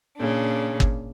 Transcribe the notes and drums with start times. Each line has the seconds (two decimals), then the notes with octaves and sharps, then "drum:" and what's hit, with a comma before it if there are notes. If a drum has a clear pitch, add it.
0.16 A#2 C#3 D4
0.80 drum: kick G1